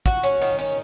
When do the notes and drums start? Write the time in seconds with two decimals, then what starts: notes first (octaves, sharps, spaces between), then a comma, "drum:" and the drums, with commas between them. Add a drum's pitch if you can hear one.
0.06 F#4, drum: kick, hi-hat
0.23 C#4, drum: hi-hat
0.42 D#3, drum: hi-hat
0.59 C#4, drum: hi-hat